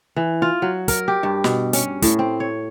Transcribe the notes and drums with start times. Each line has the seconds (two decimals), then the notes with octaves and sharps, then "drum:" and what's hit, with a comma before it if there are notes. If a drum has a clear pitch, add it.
0.16 E3
0.42 F4
0.62 F#3
0.88 A#4, drum: kick, hi-hat
1.08 G4
1.23 G2
1.44 B2, drum: snare
1.73 C#4, drum: hi-hat
2.02 A2, drum: kick, hi-hat
2.19 C4
2.40 C#5